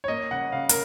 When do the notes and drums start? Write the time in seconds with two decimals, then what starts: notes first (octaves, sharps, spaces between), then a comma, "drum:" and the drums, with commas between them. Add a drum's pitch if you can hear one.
0.04 C#5
0.08 A#3 D#5
0.31 C#3 F#5
0.52 C#3 F5
0.69 A#4, drum: hi-hat